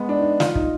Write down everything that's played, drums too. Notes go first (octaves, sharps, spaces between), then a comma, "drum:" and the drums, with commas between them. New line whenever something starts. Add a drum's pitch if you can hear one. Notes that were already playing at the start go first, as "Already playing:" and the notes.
Already playing: G#3 B3
D4
D#4
F4, drum: snare
D#4, drum: kick